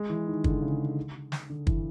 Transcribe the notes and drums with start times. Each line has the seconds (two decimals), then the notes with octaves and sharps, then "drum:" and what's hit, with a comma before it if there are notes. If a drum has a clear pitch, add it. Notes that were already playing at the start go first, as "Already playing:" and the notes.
Already playing: G#3
0.10 E3
0.27 D#3
0.44 D3, drum: kick
0.62 C#3
1.32 drum: snare
1.50 D3
1.67 E3, drum: kick